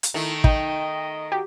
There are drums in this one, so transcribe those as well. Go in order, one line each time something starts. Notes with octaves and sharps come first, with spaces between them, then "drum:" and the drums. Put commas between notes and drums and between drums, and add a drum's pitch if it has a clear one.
drum: hi-hat
D#3 A3 E4
D#4 D#5 G5, drum: kick
F#4 G4